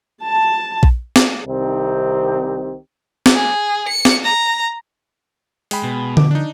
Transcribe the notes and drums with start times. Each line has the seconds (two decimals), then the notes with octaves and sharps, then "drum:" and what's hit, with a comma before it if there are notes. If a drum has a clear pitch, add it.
0.24 A5
0.83 drum: kick A#1
1.16 drum: snare
1.46 C2 C3 D#3 C4 D#4 G4
3.26 drum: snare
3.35 G#4
3.88 C#7
4.05 drum: snare
4.24 A#5
5.71 G#3 G5 B5, drum: open hi-hat
5.84 B2
6.17 D6, drum: tom D3
6.31 D4 D#4